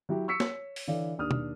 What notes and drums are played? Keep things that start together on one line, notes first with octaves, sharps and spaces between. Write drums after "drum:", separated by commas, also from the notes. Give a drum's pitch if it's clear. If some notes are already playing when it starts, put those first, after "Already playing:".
F#3 E4 F#4 G4
C#6 E6 B6 C#7
C#5, drum: snare
drum: open hi-hat
D3 E3 C#5 D5 F5
D#2 D4 D#6 F6
drum: tom